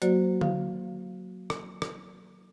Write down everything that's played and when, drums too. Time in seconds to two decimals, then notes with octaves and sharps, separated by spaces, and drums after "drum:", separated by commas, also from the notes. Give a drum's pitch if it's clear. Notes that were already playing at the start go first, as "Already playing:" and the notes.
0.02 F#3 A#3 F#4 C5 D5, drum: hi-hat
0.41 F5, drum: tom D3
1.50 drum: rim click
1.82 drum: rim click